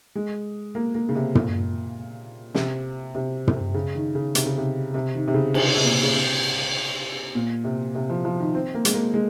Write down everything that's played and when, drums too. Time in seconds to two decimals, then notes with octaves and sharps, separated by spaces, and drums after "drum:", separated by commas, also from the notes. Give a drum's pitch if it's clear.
0.15 G#3
0.75 A#3
0.95 A#3
1.09 C#3
1.16 C3
1.35 A#2, drum: tom
2.55 C3, drum: snare
3.15 C3
3.47 drum: tom
3.74 C#3
3.95 D#3
4.15 C#3
4.35 C3, drum: hi-hat
4.46 C#3
4.58 C3
4.94 C3
5.15 D#3
5.28 C3
5.34 C#3
5.54 C3, drum: cymbal
5.77 C3
5.84 A#2
6.03 C#3
6.14 C3
7.35 A#2
7.64 C3
7.95 C3
8.10 F3
8.25 F3
8.39 D#3
8.55 C4
8.74 A#3
8.85 G#3, drum: hi-hat
8.94 A#3
9.14 G#3